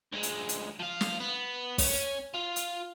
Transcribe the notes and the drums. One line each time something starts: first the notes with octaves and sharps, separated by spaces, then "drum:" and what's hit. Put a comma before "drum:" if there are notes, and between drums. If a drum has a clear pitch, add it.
D2 G#3
drum: hi-hat
drum: hi-hat
F3 F5
drum: snare
B3
C#4, drum: kick, open hi-hat
F4
drum: hi-hat